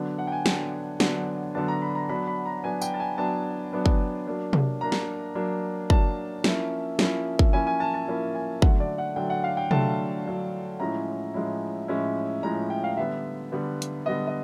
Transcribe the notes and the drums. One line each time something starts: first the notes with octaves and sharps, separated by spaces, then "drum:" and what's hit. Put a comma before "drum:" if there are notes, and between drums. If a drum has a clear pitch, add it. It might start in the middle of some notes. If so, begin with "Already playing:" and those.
Already playing: D3 F#3 B3 D4
F#5
G5
G#5
D3 F#3 B3 D4, drum: snare
D3 F#3 B3 D4, drum: snare
D3 F#3 B3 D4 A5
A#5
B5
A#5
F#3 B3 D4 B5
B5
A#5
F#3 B3 D4 G#5
G5, drum: tambourine
A5
G#5
F#3 B3 D4 A5
F#3 B3 D4
drum: kick
F#3 A#3 D4
drum: tom C3
F#3 A#3 D4 A#5
drum: snare
F#3 A#3 D4
F#3 A#3 D4 A5, drum: kick
F3 A#3 C#4 E4, drum: snare
F3 A#3 C#4 E4, drum: snare
drum: kick
F3 A#3 C#4 E4 G#5
G#5
A5
A5
F3 A#3 C#4 E4
G#5
D3 F#3 A3 F#5, drum: kick
D5
F#5
D3 F#3 A3 G5
F#5
F5
G5
D3 F#3 A3 A5, drum: tom C3
D3 F#3 A3
A2 F3 G#3 C#4 E4 A#5
A2 F3 G#3 C#4 E4
A2 F3 G#3 C#4 E4
A2 F3 G#3 C#4 E4 A#5
G5
F5
D3 G3 B3 E5
D3 G3 B3
drum: hi-hat
D3 G3 B3 D#5
D#5